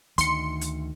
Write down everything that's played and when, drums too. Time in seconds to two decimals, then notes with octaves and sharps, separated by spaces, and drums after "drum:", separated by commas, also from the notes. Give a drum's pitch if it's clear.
0.18 D2 D#3 C6 C#7, drum: hi-hat
0.61 drum: hi-hat